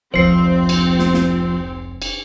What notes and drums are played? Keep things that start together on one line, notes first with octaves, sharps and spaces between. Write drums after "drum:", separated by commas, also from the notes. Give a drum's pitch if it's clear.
F1 C#2 F3 C4 C5 C7
drum: cymbal
drum: snare
drum: snare
drum: cymbal